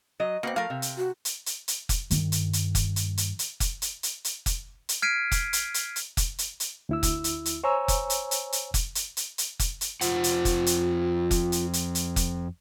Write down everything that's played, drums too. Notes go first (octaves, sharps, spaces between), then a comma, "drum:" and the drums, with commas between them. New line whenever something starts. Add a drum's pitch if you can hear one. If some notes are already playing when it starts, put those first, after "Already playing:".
F#3 D#5
B2 A#3 C4 F#5
F3 A3 A#4 F5
C3
drum: hi-hat
F#4
drum: hi-hat
drum: hi-hat
drum: hi-hat
drum: kick F1, hi-hat
G2 D#3, drum: hi-hat
drum: hi-hat
drum: hi-hat
drum: kick F1, hi-hat
drum: hi-hat
drum: hi-hat
drum: hi-hat
drum: kick F1, hi-hat
drum: hi-hat
drum: hi-hat
drum: hi-hat
drum: kick F1, hi-hat
drum: hi-hat
F6 G#6 B6 C7 D7 D#7
drum: kick F1, hi-hat
drum: hi-hat
drum: hi-hat
drum: hi-hat
drum: kick F1, hi-hat
drum: hi-hat
drum: hi-hat
D2 E4 E6
drum: kick F1, hi-hat
drum: hi-hat
drum: hi-hat
C5 C#5 G#5 A#5 C#6 E6
drum: kick F1, hi-hat
drum: hi-hat
drum: hi-hat
drum: hi-hat
drum: kick F1, hi-hat
drum: hi-hat
drum: hi-hat
drum: hi-hat
drum: kick F1, hi-hat
drum: hi-hat
F2 F4 C5 F#5, drum: hi-hat
drum: hi-hat
drum: kick F1, hi-hat
drum: hi-hat
drum: kick F1, hi-hat
drum: hi-hat
drum: hi-hat
drum: hi-hat
drum: kick F1, hi-hat